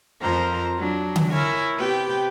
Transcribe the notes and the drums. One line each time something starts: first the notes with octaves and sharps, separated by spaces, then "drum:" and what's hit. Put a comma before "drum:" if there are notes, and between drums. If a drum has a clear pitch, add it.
F2 F3 A#4 C5 A#5
F#3 D4
drum: tom D3
E4 A#4 C#5 G#5
C3 B3 G4 B4 G5